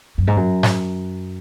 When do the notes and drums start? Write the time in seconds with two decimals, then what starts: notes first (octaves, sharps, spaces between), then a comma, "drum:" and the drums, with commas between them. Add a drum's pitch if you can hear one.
0.18 F#2
0.27 G#2
0.37 F#2
0.63 drum: snare G#2